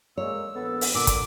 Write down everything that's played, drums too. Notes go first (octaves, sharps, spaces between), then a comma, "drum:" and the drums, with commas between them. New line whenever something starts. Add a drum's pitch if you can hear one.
G#3 A#3 C#5 E6
A#1 B3 A4
drum: open hi-hat
A#2 D3 D6 E6
drum: kick, hi-hat